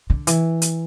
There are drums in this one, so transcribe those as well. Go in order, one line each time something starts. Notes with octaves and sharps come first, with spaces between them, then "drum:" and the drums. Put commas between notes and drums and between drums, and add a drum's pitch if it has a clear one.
D3
E3, drum: hi-hat
drum: hi-hat